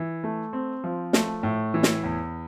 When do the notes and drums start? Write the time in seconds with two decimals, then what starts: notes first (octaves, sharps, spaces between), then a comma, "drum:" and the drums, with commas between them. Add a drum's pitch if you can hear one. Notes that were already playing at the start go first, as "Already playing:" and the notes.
Already playing: E3
0.24 A3
0.53 C4
0.84 F3
1.13 A3, drum: snare
1.43 A2
1.74 E3
1.83 drum: snare
2.04 E2